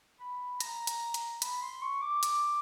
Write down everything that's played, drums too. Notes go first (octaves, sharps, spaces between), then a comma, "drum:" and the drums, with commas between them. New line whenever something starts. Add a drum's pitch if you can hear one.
B5
A#5, drum: hi-hat
drum: hi-hat
drum: hi-hat
B5, drum: hi-hat
C6
C#6
D6
D6, drum: hi-hat